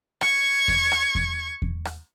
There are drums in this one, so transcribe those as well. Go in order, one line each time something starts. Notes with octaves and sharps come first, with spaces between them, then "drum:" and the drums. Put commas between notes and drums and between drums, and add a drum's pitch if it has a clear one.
C#6 G#6, drum: rim click
drum: kick E2
drum: rim click
drum: kick E2
drum: kick E2
drum: rim click